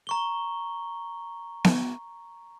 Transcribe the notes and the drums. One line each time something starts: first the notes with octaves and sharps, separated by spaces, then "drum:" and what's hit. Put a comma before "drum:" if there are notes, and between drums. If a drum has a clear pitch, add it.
A#5 C#6 G7
drum: snare B3